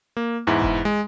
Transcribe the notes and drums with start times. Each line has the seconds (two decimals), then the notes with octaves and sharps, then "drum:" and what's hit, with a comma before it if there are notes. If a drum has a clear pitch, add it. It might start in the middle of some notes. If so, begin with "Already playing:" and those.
0.17 A#3
0.47 E2 G#2 E4
0.62 drum: kick F1
0.85 G#3